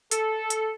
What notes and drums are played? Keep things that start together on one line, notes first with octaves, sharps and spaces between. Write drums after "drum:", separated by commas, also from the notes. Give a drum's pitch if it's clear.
A4, drum: hi-hat
drum: hi-hat